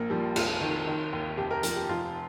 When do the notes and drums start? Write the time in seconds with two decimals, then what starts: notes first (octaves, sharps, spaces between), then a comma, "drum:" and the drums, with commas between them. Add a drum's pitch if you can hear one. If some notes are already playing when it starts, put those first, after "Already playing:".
Already playing: A#1 A#3
0.10 F3 G3
0.36 F1 F4, drum: cymbal
0.61 D#3
0.87 D#3
1.13 D#2
1.37 F1 G4
1.51 A#4
1.63 F3 A#4, drum: hi-hat
1.76 G4
1.89 F1 F4